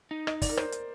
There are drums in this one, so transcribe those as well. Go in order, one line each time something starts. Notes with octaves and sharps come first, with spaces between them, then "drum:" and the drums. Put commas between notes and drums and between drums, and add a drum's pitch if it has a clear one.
D#4
D#5, drum: rim click
D5, drum: kick, open hi-hat
A#4
C5, drum: rim click
drum: hi-hat